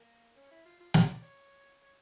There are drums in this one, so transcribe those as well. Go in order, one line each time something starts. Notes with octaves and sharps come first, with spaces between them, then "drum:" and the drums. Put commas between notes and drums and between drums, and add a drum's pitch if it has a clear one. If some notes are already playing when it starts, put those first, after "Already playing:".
Already playing: A#3
C#4
E4
F4
F4
A4, drum: snare
D5
C#5
C#5